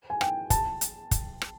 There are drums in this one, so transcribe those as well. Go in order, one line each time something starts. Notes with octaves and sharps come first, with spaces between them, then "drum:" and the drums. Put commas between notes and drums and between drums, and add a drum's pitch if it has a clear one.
G#5
G5, drum: rim click
A5, drum: kick, hi-hat
drum: hi-hat
drum: kick, hi-hat
drum: rim click